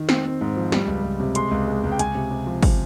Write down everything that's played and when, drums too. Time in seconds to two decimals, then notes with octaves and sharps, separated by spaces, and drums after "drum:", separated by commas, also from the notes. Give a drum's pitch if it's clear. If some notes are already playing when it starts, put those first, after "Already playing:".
Already playing: D#3
0.09 C4, drum: snare
0.25 C4
0.41 G#2
0.57 F3
0.72 G3, drum: snare
0.87 C#2
1.03 C#2
1.20 C3
1.35 G#3 C6, drum: hi-hat
1.51 C#2
1.67 G#3
1.84 C#2
1.92 G5
1.99 C#2 G#5, drum: hi-hat
2.15 C3
2.31 C3
2.47 F3
2.63 drum: kick, open hi-hat